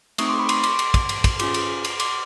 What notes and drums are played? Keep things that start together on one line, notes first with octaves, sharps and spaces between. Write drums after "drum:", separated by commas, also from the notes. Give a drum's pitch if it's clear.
A3 C4 D#4 C#6 D#6, drum: cymbal
C6 D6
B5 C#6
C6 D6, drum: cymbal
C6 D6, drum: cymbal
C6 D6, drum: cymbal
drum: kick, cymbal
drum: cymbal
drum: kick, cymbal
C#4 F4 G#4 C6 D6, drum: cymbal
drum: cymbal
drum: cymbal
C6 D6, drum: cymbal